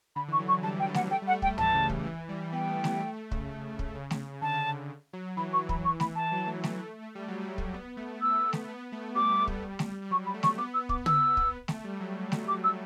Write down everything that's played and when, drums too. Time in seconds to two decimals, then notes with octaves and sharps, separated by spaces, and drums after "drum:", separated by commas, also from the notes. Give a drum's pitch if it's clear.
0.16 D3 B5
0.28 E3 C#6
0.39 F#3
0.48 C#6
0.63 G3 A5
0.79 G5
0.87 F#3
0.94 F#5, drum: snare A3
1.10 A3 G5
1.22 G3 F#5
1.33 A3
1.42 G5, drum: kick
1.58 E3 A5, drum: tom
1.74 C#3
1.89 drum: kick
2.05 E3
2.29 G3
2.52 B3 G5
2.68 A3
2.84 B3, drum: snare A3
3.00 A3
3.31 C#3, drum: kick
3.79 drum: kick
3.95 C#3
4.11 drum: snare A3
4.42 D3 A5
4.66 C#3
5.13 F#3
5.37 E3 B5
5.53 C#6
5.69 B5, drum: kick
5.84 C#6
6.00 B5, drum: snare A3
6.15 A5
6.32 F#3
6.47 A3
6.64 A3, drum: snare A3
6.79 A3
7.02 A3
7.15 G3
7.28 F#3
7.41 G3
7.58 drum: kick
7.74 B3
7.97 A3
8.21 E6
8.53 drum: snare A3
8.68 B3
8.92 A3
9.15 G3 D6
9.47 drum: kick
9.79 drum: snare A3
10.02 G3
10.11 F#3 C#6
10.26 B5
10.34 A3
10.43 C#6, drum: snare A3
10.58 B3 D6
10.73 E6
10.89 D6, drum: kick
11.06 E6, drum: tom
11.37 drum: kick
11.68 A3, drum: snare A3
11.84 G3
12.00 F#3
12.32 drum: snare A3
12.48 D6
12.63 E6